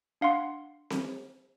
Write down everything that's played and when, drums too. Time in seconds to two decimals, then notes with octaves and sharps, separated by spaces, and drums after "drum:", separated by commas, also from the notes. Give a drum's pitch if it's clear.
0.21 D4 F5 F#5 C6
0.90 drum: snare C4